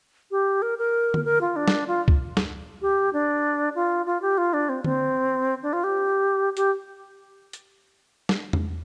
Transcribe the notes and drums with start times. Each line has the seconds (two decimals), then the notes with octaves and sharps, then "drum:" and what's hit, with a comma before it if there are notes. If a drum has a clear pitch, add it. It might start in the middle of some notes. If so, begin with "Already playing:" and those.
0.31 G4
0.62 A#4
0.78 A#4
1.14 drum: tom D3
1.25 A#4
1.41 F4
1.56 D4
1.68 drum: snare
1.88 F4
2.08 drum: kick
2.37 drum: snare
2.82 G4
3.13 D4
3.75 F4
4.06 F4
4.22 G4
4.38 F4
4.53 D4
4.69 C4
4.84 C4, drum: tom D3
5.63 D4
5.73 F4
5.84 G4
6.57 G4, drum: hi-hat
7.53 drum: hi-hat
8.29 drum: snare
8.53 drum: tom E2